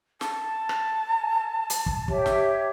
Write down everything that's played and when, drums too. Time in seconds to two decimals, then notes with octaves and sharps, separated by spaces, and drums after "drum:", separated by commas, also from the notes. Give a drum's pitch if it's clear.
0.21 A5, drum: snare
0.69 drum: rim click
1.70 drum: hi-hat
1.86 drum: kick
2.08 G4 C#5 E5, drum: kick
2.26 drum: snare